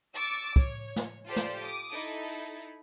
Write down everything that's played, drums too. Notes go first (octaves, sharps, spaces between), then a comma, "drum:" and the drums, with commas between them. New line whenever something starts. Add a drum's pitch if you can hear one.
C#6 D6 E6 A6
C#5, drum: kick
drum: snare
F4 G4 A4 C5 D5
drum: snare
D6 D#6
D#4 E4 A4